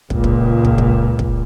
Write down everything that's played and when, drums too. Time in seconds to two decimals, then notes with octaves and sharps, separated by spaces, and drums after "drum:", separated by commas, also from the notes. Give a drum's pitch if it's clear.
0.10 C#2 A#2, drum: kick
0.24 drum: kick
0.65 drum: kick
0.78 drum: kick
1.19 drum: kick